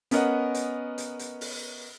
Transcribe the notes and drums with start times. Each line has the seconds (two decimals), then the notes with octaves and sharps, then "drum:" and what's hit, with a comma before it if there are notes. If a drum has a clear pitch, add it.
0.11 B3 C#4 A#4 D#5 F#5, drum: hi-hat
0.55 drum: hi-hat
0.98 drum: hi-hat
1.19 drum: hi-hat
1.41 drum: open hi-hat